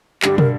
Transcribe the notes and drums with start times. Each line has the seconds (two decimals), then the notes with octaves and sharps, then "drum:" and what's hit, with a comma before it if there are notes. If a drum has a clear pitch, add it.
0.22 G2 D3 G3 D4 G4, drum: clap
0.38 A#4, drum: tom